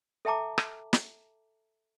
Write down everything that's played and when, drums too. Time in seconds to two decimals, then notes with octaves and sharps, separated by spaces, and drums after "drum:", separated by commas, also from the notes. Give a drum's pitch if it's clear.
0.25 A4 E5 G5 A5 A#5 D6
0.58 drum: rim click
0.93 drum: snare